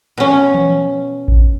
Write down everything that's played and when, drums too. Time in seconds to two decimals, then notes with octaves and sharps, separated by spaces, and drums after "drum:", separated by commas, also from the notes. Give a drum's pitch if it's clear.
0.18 B2 C#4
0.54 drum: tom E3
1.28 drum: kick A1